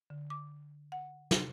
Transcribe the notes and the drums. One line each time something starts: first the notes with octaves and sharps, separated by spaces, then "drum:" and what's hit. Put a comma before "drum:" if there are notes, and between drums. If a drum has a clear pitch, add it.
D3
D6
F#5
C3, drum: snare